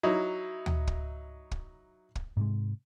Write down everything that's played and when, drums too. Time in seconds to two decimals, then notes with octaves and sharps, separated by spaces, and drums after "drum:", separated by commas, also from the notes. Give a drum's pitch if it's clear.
0.03 F#3 D#4 E4
0.66 drum: tom D2
0.87 drum: kick
1.51 drum: kick
2.15 drum: kick
2.37 G#2 C3 G#3